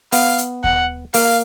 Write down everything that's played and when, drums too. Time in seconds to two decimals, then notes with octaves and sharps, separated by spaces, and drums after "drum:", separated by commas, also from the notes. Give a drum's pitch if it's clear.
0.12 B3 F5, drum: open hi-hat
0.38 drum: hi-hat
0.64 F#5, drum: kick D#2
1.14 A#3 F5, drum: open hi-hat